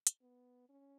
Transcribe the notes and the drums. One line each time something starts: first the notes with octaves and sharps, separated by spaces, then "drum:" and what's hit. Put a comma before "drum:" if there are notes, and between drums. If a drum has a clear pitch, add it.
drum: hi-hat
B3
C#4